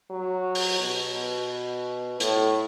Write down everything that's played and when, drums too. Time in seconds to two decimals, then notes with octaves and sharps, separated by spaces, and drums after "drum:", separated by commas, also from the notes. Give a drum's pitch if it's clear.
0.10 F#3
0.55 drum: open hi-hat
0.80 B2
2.20 A2, drum: hi-hat